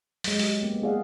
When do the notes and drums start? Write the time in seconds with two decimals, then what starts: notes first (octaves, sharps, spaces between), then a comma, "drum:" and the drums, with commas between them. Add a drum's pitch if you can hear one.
0.24 F#3 G#3, drum: open hi-hat
0.39 G4, drum: open hi-hat
0.63 A#3 B3
0.82 A#3 E4 G#4 D5 F5 F#5